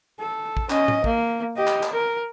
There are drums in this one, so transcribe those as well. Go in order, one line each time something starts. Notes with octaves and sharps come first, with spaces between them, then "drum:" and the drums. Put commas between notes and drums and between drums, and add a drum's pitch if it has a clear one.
A4
drum: kick
C#4 D#5, drum: clap
drum: tom A2
A#3, drum: kick
G4 D#5
drum: clap
drum: clap
A#4